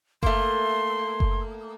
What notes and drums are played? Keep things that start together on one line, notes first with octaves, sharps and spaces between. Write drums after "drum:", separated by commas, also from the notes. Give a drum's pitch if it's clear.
A3 A#3 C6, drum: kick F#1
drum: kick F#1